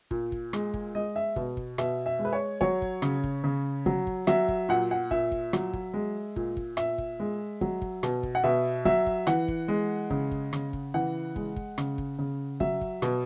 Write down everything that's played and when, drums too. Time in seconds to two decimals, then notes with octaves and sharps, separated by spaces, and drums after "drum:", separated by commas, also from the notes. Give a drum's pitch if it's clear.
0.11 A#2, drum: kick
0.32 drum: kick
0.53 G#3, drum: rim click
0.74 drum: kick
0.95 G#3 D#5
1.16 E5
1.36 B2, drum: kick
1.57 drum: kick
1.78 B2 E5, drum: rim click
2.06 E5
2.19 G#3
2.25 B4
2.33 C#5
2.61 F#3 C#5, drum: kick
2.82 drum: kick
3.02 C#3, drum: rim click
3.23 drum: kick
3.44 C#3
3.86 F#3, drum: kick
4.07 drum: kick
4.27 F#3 E5, drum: rim click
4.48 drum: kick
4.69 A#2 F#5
4.91 F#5
5.11 A#2 E5, drum: kick
5.32 drum: kick
5.53 F#3, drum: rim click
5.73 drum: kick
5.94 G#3
6.36 A#2, drum: kick
6.57 drum: kick
6.77 A#2 E5, drum: rim click
6.98 drum: kick
7.20 G#3
7.61 F#3, drum: kick
7.82 drum: kick
8.03 B2, drum: rim click
8.23 drum: kick
8.35 F#5
8.44 B2 E5
8.85 F#3 E5, drum: kick
9.06 drum: kick
9.27 E3 F#5, drum: rim click
9.48 drum: kick
9.68 G#3
10.10 C#3, drum: kick
10.31 drum: kick
10.53 C#3, drum: rim click
10.73 drum: kick
10.94 E3 F#5
11.36 G#3, drum: kick
11.56 drum: kick
11.78 C#3, drum: rim click
11.98 drum: kick
12.19 C#3
12.60 F#3 E5, drum: kick
12.81 drum: kick
13.02 B2, drum: rim click